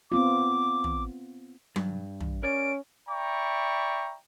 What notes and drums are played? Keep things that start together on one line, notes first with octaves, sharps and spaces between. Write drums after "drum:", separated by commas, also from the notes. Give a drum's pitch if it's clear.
B3 C4 F4 D6
drum: tom
G2, drum: tom F#3
drum: tom
C#4 A#4 C#5 D5 D7
D5 E5 G5 A#5 B5 C#6